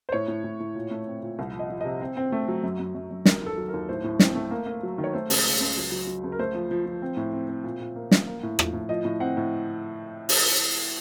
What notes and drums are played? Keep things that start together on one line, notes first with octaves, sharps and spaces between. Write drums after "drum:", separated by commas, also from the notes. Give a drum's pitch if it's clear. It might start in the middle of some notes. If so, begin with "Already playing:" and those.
C5
A2 C#5
A2
A2
A2
A#2
A3
C4
A#2
C2
F3
D#5
F3
C3 D#5
C4
C4
A3
F#3
F#2
F#2
F#2
F#2
F#3 A#4, drum: snare
D#2 A4
F#3
A#4
D#2
A2 C5
A2
C4, drum: snare
A3
A#3
A#3
F#3
D#3
C#5
A3 C5
C#2, drum: open hi-hat
C#3
C#2
F#3
F#3
F#3
C#2
A#4
A3 C5
F3
F3
F3
C4
A2
C4
C4
A#2
A#2
A#3
A#2, drum: snare
A#3
A2
F3, drum: rim click
A2
F3 D#5
A2
C4 F#5
A2
drum: open hi-hat